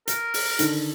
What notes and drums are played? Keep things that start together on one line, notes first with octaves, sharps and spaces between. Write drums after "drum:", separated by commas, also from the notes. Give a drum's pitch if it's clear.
A#4, drum: hi-hat
drum: open hi-hat
D3 D#3 A4, drum: hi-hat